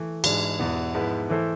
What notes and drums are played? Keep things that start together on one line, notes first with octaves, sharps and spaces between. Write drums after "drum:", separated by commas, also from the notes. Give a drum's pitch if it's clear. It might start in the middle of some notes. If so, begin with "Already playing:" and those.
Already playing: E3 A3
G#2 E3 G#3 D4, drum: cymbal
E2 B2 B3 E4
G#2 F3 B3 E4 B4
E3 A3 E4 A4 C5